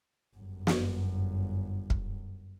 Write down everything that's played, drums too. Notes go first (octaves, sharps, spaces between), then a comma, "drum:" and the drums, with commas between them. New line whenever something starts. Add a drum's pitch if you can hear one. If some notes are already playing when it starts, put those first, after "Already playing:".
G1 F#2
drum: snare
drum: kick